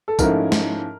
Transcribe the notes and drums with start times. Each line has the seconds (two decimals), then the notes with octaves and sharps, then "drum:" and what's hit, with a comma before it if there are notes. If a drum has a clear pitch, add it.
0.08 A4
0.19 G#2 F3 A3 C#4 E4 A#4, drum: kick, tambourine
0.52 drum: snare